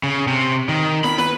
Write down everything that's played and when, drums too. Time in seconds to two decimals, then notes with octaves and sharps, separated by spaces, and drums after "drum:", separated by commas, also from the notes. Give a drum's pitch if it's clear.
0.03 C#3
0.28 C3
0.69 D#3
1.04 B5, drum: snare
1.18 B4, drum: snare